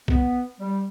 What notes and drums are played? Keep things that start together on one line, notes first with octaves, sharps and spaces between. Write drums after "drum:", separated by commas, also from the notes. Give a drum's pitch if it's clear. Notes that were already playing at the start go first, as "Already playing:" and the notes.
B3, drum: kick A#1
G3